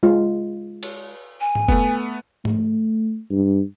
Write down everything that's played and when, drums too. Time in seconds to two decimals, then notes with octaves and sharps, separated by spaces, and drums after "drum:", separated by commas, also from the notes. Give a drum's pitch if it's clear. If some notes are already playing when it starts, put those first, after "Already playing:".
0.03 G#3 F4
0.83 drum: cymbal
1.41 G#5
1.55 drum: tom G#2
1.68 A3 B3, drum: kick
2.45 A3, drum: tom G#2
3.30 G2